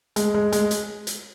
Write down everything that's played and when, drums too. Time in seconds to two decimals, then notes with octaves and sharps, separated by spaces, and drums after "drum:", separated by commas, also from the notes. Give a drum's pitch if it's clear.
0.16 G#3, drum: hi-hat
0.34 G#3
0.52 G#3, drum: hi-hat
0.71 drum: hi-hat
1.07 drum: hi-hat